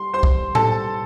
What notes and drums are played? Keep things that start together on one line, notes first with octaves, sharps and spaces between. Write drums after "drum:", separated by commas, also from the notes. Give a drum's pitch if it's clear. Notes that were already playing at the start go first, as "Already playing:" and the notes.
Already playing: G3 C6
G3 C5 C6
drum: kick
G3 A4 A5, drum: tom A2